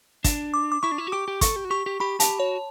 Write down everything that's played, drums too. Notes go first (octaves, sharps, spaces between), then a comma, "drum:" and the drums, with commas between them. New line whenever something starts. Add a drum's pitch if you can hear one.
D4, drum: kick, hi-hat
D6
D6
E4 C#6
D4
E4
F#4
G4 D6
G4
A4 C#6, drum: kick, hi-hat
G4
F#4
G4 C#6
G4
G4 B5
G4 A5, drum: hi-hat
F#4 C#5